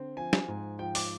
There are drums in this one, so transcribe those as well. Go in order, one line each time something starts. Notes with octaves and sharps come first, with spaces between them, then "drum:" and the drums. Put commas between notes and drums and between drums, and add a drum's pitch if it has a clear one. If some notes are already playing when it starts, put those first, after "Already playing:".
Already playing: D3 C4
F3 G#5
drum: snare
G#2
F3 G5
D6, drum: open hi-hat